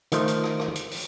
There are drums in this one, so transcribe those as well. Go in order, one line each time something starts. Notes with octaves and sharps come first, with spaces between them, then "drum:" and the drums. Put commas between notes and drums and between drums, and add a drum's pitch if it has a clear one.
D#3 F3 A3 C5, drum: hi-hat
drum: hi-hat
drum: rim click
drum: rim click
drum: hi-hat
drum: open hi-hat